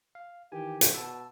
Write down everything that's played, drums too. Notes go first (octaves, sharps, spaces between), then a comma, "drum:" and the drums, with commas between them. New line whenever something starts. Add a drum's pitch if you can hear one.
F5
D#3 E3 G4 G#5
drum: hi-hat
B2 A5 E6